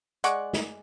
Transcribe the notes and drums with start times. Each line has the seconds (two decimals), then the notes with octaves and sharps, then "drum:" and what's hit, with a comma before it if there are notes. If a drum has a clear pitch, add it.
0.24 G#3 D5 F#5 C#6, drum: hi-hat
0.53 drum: snare